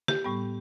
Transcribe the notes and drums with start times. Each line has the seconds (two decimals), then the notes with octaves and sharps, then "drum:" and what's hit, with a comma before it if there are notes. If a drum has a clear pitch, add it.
0.08 G4, drum: snare
0.24 A2 G3 B3